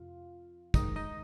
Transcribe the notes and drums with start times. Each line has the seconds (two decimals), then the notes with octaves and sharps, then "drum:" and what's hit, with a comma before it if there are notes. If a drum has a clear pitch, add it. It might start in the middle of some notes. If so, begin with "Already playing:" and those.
Already playing: F2 C3 F4 F5
0.74 G#2 D#3 D#4 D#5, drum: kick, tambourine
0.96 D#4 D#5